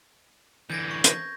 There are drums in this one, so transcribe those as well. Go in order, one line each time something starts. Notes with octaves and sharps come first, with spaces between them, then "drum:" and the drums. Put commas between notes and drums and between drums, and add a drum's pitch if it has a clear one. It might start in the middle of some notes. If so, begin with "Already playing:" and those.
D3 E3 G6 G#6 A#6
C#6
G6 A#6, drum: hi-hat